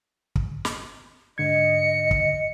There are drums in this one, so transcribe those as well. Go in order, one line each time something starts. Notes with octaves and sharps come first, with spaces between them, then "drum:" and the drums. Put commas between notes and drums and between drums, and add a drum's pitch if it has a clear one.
drum: kick
drum: snare
G#2 D3 D#5 G#6 C#7
drum: kick